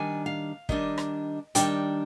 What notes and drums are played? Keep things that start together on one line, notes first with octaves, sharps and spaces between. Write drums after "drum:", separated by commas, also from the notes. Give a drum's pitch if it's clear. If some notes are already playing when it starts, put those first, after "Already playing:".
Already playing: D#3 G3 D4 G#5
F5
D#3 G3 D4 D#5, drum: kick
drum: rim click
D#3 G3 D4 G5, drum: hi-hat